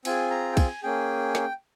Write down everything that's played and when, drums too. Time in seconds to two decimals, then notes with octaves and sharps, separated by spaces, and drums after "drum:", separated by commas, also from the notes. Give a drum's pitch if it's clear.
0.05 C4 F4 G#4 G#5, drum: cymbal
0.31 A#5
0.52 G5
0.57 G#5, drum: kick, cymbal
0.83 A#3 C#4 G#4 G5
1.35 drum: snare